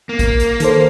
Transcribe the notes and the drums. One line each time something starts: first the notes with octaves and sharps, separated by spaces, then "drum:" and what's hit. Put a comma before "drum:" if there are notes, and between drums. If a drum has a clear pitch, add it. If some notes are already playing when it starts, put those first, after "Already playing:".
A#3
drum: kick, hi-hat
drum: hi-hat
D#3 A4 C5, drum: hi-hat